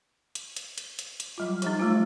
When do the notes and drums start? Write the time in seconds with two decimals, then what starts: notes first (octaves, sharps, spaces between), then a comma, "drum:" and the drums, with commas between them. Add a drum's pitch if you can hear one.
0.35 drum: hi-hat
0.56 drum: hi-hat
0.78 drum: hi-hat
0.99 drum: hi-hat
1.20 drum: hi-hat
1.38 F#3 G3 F4
1.62 F3 G3 D#4, drum: hi-hat
1.80 A3 D#4 F4